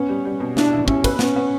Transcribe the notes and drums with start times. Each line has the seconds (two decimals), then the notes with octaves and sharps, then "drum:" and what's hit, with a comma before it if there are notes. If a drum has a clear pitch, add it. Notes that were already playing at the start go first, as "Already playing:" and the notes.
Already playing: B3 C#4
0.09 G3
0.25 G3
0.40 B2
0.57 D4 E4, drum: snare
0.73 E4
0.88 C#4 E4, drum: kick
1.04 B4, drum: kick, cymbal
1.19 B3 C#4, drum: snare
1.36 B3